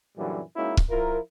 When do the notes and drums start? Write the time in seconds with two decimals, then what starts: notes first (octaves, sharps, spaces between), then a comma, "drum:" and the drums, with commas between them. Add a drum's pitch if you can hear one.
0.18 F#2 A#2 D3 E3 F#3 G3
0.56 G#3 A#3 C#4 D#4 E4 F#4
0.77 drum: kick
0.90 F3 E4 F4 A#4